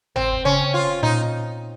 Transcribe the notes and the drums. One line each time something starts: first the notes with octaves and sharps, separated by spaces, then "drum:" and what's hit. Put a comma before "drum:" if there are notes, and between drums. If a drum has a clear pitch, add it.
C4, drum: tom
C#3 C#4
F4
A#2 D#4